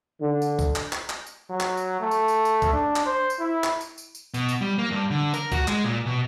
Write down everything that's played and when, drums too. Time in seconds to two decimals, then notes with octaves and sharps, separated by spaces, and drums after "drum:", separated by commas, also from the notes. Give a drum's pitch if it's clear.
0.21 D3
0.42 drum: tambourine
0.59 drum: kick, tambourine
0.76 drum: clap
0.93 drum: clap
1.10 drum: clap
1.27 drum: tambourine
1.50 F#3
1.60 drum: clap
1.77 drum: tambourine
2.00 A3
2.11 drum: tambourine
2.28 drum: tambourine
2.45 drum: tambourine
2.62 drum: kick, tambourine
2.73 D4
2.96 drum: clap
3.06 C5
3.30 drum: tambourine
3.40 E4
3.64 drum: clap
3.81 drum: tambourine
3.98 drum: tambourine
4.15 drum: tambourine
4.34 B2, drum: tambourine
4.49 drum: tambourine
4.61 G3
4.78 A#3
4.91 G2
5.11 D3
5.34 A#4, drum: tambourine
5.52 F#4, drum: kick, tambourine
5.68 G#3, drum: clap
5.84 A#2
6.06 B2